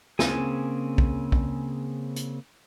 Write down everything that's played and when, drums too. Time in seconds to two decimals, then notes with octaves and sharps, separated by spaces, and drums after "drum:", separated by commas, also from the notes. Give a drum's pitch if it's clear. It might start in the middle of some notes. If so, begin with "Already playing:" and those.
0.19 C#3 A#3 C4 G#4 G#5, drum: snare
0.98 drum: kick
1.32 drum: kick
2.16 drum: hi-hat